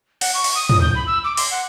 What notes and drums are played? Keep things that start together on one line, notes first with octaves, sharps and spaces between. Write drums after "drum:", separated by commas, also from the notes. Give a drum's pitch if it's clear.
F#5, drum: open hi-hat
C#6
drum: open hi-hat
D#6
D#6, drum: tom
G6
B5
E6
D6
C6, drum: open hi-hat
F#5